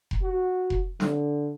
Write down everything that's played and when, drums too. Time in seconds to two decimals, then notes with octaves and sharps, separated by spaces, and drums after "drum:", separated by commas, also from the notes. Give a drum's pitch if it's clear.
0.11 drum: kick F1
0.22 F#4
0.70 drum: kick F1
1.00 D3, drum: snare